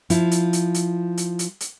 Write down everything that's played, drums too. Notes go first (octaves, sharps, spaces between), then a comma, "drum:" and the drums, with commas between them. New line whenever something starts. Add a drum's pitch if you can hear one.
F3 E4, drum: hi-hat
drum: hi-hat
drum: hi-hat
drum: hi-hat
drum: hi-hat
drum: hi-hat
drum: hi-hat